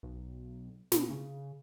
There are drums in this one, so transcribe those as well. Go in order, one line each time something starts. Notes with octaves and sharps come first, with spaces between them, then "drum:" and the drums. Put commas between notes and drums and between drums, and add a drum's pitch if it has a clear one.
B1
B2, drum: snare
C#3